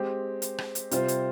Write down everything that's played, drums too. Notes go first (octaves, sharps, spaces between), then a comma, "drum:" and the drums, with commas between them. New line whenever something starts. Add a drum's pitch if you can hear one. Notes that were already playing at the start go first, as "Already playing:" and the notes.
Already playing: G#3 C4 G4
drum: hi-hat
drum: rim click
drum: hi-hat
C3 G3 C4 F4 C5, drum: hi-hat
drum: hi-hat